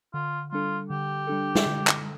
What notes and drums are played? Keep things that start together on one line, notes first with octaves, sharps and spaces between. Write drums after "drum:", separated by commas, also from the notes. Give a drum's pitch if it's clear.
D3 F4
G3 D4 F4 A4
D3 G4
G3 D4 A4
drum: snare
D3
drum: clap